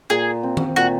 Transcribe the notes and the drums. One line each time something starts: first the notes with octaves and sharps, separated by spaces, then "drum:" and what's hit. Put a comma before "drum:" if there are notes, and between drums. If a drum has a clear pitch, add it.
A#2 G#4
C4
drum: tom D#3
A#2 F#4